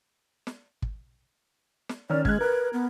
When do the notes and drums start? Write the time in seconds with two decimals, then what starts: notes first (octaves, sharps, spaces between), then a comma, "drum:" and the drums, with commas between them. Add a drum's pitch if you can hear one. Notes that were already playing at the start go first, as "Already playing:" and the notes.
0.47 drum: snare
0.82 drum: kick
1.89 drum: snare
2.10 D#3 C#4 D5 F6
2.25 G#3 F#6 G#6, drum: kick
2.40 A#4 B4
2.73 B3